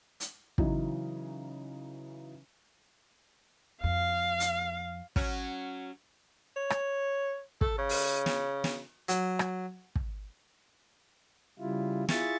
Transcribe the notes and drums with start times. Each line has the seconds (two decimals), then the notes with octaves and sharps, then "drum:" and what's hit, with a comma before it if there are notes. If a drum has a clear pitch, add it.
0.20 drum: hi-hat
0.58 C#3 E3 F#3 D#4, drum: kick
3.84 F2 F5
4.40 drum: hi-hat
5.16 F#3 C#4, drum: kick
6.56 C#5
6.70 drum: rim click
7.61 A4, drum: kick
7.78 C#3
7.89 drum: open hi-hat
8.26 drum: snare
8.64 drum: snare
9.09 F#3, drum: hi-hat
9.39 drum: rim click
9.95 drum: kick
11.59 C#3 G3 E4 F4
12.09 E4 F4 G#4 E5 C#6 A6, drum: snare